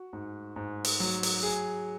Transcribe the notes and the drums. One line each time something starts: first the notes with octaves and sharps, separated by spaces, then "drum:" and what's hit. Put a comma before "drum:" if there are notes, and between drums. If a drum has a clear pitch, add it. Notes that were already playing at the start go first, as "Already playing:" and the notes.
Already playing: F#4
G#2
G#2
drum: open hi-hat
F#3
drum: open hi-hat
G#4